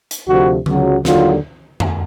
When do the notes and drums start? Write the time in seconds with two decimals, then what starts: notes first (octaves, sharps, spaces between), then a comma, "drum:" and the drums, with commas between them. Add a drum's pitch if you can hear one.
0.11 drum: hi-hat
0.27 D2 C3 F3 F#4
0.66 C#2 C#3 F#3, drum: tom D3
1.05 D#2 D3 F#3 F4, drum: snare
1.80 drum: tom F2